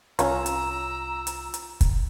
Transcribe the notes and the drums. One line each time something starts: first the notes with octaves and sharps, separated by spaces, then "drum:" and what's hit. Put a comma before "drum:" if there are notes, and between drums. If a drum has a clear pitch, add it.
C2 C#4 F4 C#5 A#5 E6, drum: hi-hat
drum: hi-hat
drum: hi-hat
drum: hi-hat
drum: kick, hi-hat